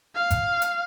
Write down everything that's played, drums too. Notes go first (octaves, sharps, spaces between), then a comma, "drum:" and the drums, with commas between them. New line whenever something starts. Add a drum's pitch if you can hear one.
F5
drum: kick G#1, hi-hat
drum: hi-hat